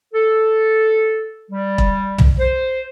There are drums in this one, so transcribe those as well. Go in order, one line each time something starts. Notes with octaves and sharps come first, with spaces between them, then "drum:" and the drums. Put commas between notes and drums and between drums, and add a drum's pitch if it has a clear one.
A4
G3
drum: kick E1
drum: tom
C5